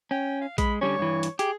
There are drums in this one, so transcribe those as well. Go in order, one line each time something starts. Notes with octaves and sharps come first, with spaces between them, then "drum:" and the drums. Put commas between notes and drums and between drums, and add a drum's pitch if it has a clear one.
C#4 G5
F5
G#3 B5, drum: kick A#1, hi-hat
D3 G3 C#4 C#5
G2 E3
drum: hi-hat
G4 G#4, drum: hi-hat